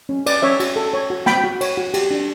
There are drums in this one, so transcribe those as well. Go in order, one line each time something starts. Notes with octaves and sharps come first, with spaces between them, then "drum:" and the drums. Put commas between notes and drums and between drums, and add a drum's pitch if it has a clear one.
C#4
B4 D5, drum: cymbal
C#4 C#5 E5
F#4, drum: cymbal
A4
C#5
F#4
F#4 G5 B5, drum: snare
F#4
C#5, drum: cymbal
F#4
G4, drum: cymbal
D4